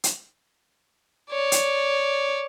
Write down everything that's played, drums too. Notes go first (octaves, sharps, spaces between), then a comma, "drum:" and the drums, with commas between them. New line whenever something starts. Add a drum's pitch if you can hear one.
drum: hi-hat
C#5 D5
drum: hi-hat